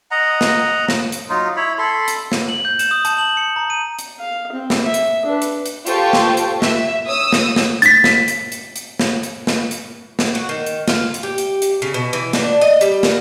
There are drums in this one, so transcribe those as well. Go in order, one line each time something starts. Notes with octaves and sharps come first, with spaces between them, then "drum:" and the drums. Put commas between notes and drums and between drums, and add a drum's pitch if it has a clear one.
D#5 F#5 A#5
drum: snare
drum: snare
drum: hi-hat
F#3 D#4 F4
E4 C#5 B5
A4 B5 C6
drum: hi-hat
drum: snare
F#7
G6
E7, drum: hi-hat
D#6
A5, drum: hi-hat
F#7
C#7
A#5
D#7
drum: hi-hat
F5
C4
drum: snare
E5
drum: hi-hat
D4 B4
drum: hi-hat
drum: hi-hat
F4 G4 A4 C5 G5 C#6, drum: hi-hat
drum: snare
drum: hi-hat
E5, drum: snare
C#5 D#6 E6
drum: snare
drum: snare
A6 B6, drum: hi-hat
drum: snare
drum: hi-hat
drum: hi-hat
drum: hi-hat
drum: snare
drum: hi-hat
drum: snare
drum: hi-hat
drum: snare
F#4
D#3
drum: hi-hat
F4, drum: snare
drum: hi-hat
G4
drum: hi-hat
drum: hi-hat
C#3
B2
E3
D4, drum: snare
D#5
G3, drum: hi-hat
A#4, drum: snare